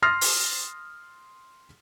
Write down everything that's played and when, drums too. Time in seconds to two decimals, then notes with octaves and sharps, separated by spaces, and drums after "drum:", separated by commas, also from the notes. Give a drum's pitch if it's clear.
0.02 C6 D#6 F6 A6 A#6 C7
0.21 drum: open hi-hat